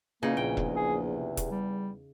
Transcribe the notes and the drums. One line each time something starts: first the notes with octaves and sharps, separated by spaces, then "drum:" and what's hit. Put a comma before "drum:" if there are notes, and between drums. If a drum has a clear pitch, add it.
E2 A#2 C#3 A#3 D#4
A#1 A#2 G5
drum: kick E1
G#4
C3
drum: kick E1, hi-hat
G3